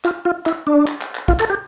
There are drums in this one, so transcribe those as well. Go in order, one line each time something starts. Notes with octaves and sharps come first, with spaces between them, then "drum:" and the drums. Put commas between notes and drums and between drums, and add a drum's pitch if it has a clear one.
F4, drum: clap
F4
E4, drum: clap
D4
drum: clap
drum: clap
drum: clap
F4, drum: kick
A4, drum: clap
G4